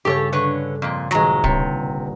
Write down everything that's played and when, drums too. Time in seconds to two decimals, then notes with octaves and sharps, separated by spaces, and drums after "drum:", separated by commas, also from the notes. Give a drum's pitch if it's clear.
0.05 G2 C#3 G4 A4 C#5
0.32 D3 B4 C#5
0.82 F2 A#2
1.11 D#1 F#3 G#3 A#5 A#6, drum: snare
1.44 G1 C3 C#5 A6, drum: kick D1